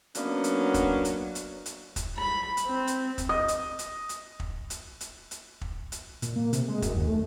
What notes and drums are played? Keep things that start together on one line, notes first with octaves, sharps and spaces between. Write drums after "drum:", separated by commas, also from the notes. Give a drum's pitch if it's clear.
F#3 A#3 B3 C#4 D4, drum: hi-hat
drum: hi-hat
drum: kick, hi-hat
drum: hi-hat
drum: hi-hat
drum: hi-hat
drum: kick, hi-hat
B5
drum: hi-hat
C4
drum: hi-hat
drum: kick, hi-hat
D#5 D#6
drum: hi-hat
drum: hi-hat
drum: hi-hat
drum: kick
drum: hi-hat
drum: hi-hat
drum: hi-hat
drum: kick
drum: hi-hat
A#2, drum: hi-hat
A#3
C3, drum: hi-hat
G#3
F#2, drum: kick, hi-hat
D#2
A3